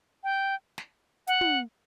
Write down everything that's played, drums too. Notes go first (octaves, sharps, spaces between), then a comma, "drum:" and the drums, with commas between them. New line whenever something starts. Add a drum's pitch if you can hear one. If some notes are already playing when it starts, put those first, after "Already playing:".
G5
drum: snare
F#5, drum: hi-hat
drum: tom